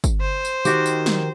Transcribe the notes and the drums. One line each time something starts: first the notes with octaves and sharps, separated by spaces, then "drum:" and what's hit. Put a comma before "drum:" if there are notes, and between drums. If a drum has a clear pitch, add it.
drum: kick, tambourine
C5
drum: tambourine
D#3 F#4 G4, drum: tambourine
drum: tambourine
drum: snare